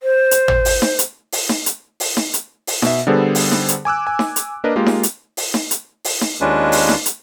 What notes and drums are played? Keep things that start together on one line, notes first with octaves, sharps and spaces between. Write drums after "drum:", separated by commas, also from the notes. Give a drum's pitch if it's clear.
C5
drum: hi-hat
drum: tom
drum: open hi-hat
drum: snare D#4
drum: hi-hat
drum: open hi-hat
drum: snare D#4
drum: hi-hat
drum: open hi-hat
drum: snare D#4
drum: hi-hat
drum: open hi-hat
B2 E5, drum: snare D#4
D3 G3 B3 G#4 A4 C5
drum: open hi-hat
drum: snare D#4
drum: hi-hat
G#5 D6 E6 F#6
G#5
drum: snare D#4
drum: hi-hat
A#3 D4 A#4 B4 D#5
G#3 A#3 F4 G4
drum: snare D#4
drum: hi-hat
drum: open hi-hat
drum: snare D#4
drum: hi-hat
drum: open hi-hat
drum: snare D#4
D#2 G#3 C#4 D4 F4 B4
drum: open hi-hat
drum: snare D#4
drum: hi-hat